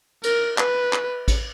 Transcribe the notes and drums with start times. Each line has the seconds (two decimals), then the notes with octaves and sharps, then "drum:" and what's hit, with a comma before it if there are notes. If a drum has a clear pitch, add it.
0.23 A#4, drum: cymbal
0.58 B4, drum: clap
0.93 drum: clap
1.28 drum: kick A1, cymbal